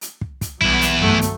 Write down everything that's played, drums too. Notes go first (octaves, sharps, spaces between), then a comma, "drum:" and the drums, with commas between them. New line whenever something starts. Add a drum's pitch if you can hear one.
drum: hi-hat
drum: kick
drum: kick, hi-hat
B1 E2 G3 B3 E4, drum: kick
drum: hi-hat
G2 F#3 A3
drum: hi-hat